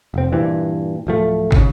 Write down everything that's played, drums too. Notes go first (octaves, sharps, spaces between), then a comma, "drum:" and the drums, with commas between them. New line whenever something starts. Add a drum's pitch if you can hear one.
F1 C4
G2 A#2 E3
D1 F3 A3
D#2 C#3, drum: kick